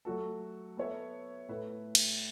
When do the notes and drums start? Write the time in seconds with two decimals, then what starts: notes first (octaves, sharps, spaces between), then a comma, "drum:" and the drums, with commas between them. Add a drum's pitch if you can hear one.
0.05 F#3 A3 F#4 A4
0.77 B3 A4 C#5 E5
1.49 A2 A3 E4 B4 E5
1.95 drum: cymbal